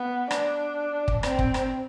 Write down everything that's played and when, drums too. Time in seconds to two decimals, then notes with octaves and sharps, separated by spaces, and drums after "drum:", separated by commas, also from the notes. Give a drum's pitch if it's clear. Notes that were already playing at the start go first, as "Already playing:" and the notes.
Already playing: B3
0.31 D4, drum: rim click
1.08 drum: kick
1.23 C4, drum: rim click
1.39 drum: kick
1.54 drum: rim click